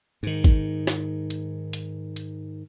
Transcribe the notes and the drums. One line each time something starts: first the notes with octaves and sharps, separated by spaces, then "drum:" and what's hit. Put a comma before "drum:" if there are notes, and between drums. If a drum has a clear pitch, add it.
G#2 D#3
drum: kick, hi-hat
drum: snare
drum: hi-hat
drum: hi-hat
drum: hi-hat